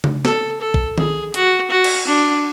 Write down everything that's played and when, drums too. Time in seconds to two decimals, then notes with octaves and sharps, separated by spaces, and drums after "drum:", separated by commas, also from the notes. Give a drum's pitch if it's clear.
0.04 drum: tom C#3
0.25 A4, drum: snare
0.61 A4
0.74 drum: kick
0.98 G#4, drum: tom D#3
1.34 F#4, drum: hi-hat
1.70 F#4
1.84 drum: cymbal
2.07 D4